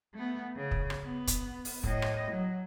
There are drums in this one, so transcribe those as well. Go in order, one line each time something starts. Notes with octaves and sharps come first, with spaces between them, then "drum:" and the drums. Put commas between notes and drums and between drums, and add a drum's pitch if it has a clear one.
A3 B3
C#3
drum: kick
drum: rim click
B3
drum: kick, hi-hat
drum: open hi-hat
A2 D#5, drum: kick
drum: rim click
F#3